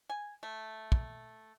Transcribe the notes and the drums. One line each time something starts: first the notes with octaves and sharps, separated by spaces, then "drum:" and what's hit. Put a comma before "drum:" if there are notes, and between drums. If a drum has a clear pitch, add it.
G#5
A3
drum: kick